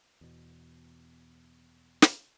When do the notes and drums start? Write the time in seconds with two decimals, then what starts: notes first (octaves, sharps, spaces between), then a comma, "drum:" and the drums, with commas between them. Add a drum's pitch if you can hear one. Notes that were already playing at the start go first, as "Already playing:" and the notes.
0.21 E2 B2
2.02 drum: snare